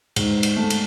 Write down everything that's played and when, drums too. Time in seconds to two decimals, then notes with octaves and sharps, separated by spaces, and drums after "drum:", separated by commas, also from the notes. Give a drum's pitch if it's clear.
0.16 G#2, drum: cymbal
0.43 drum: cymbal
0.56 A3
0.70 drum: cymbal